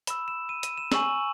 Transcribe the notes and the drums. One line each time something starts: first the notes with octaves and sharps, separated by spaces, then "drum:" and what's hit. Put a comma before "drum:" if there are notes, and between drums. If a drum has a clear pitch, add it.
B5 E6 E7, drum: hi-hat
E7
D#7
D#7, drum: hi-hat
E7
G#5 C#6 E6 F#7, drum: snare